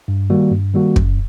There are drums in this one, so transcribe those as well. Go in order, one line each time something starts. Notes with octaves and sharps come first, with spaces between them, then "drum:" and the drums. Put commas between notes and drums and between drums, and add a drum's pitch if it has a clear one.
G2
D#3 G3 A#3 F#4
G2
D#3 G3 A#3 F#4
F#2, drum: kick